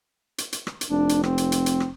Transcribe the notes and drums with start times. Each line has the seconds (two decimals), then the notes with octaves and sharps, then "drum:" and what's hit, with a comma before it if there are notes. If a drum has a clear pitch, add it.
0.38 drum: hi-hat
0.53 drum: hi-hat
0.67 drum: rim click
0.81 drum: hi-hat
0.90 F1 D4
1.09 drum: hi-hat
1.23 C4, drum: rim click
1.38 drum: hi-hat
1.52 drum: hi-hat
1.66 drum: hi-hat
1.80 drum: rim click